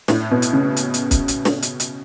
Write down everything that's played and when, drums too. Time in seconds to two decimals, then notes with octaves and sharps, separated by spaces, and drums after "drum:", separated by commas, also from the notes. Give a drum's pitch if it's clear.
0.08 A2, drum: snare
0.31 B2
0.42 drum: hi-hat
0.53 C#3
0.77 drum: hi-hat
0.94 drum: hi-hat
1.11 drum: kick, hi-hat
1.28 drum: hi-hat
1.45 drum: snare
1.62 drum: hi-hat
1.80 drum: hi-hat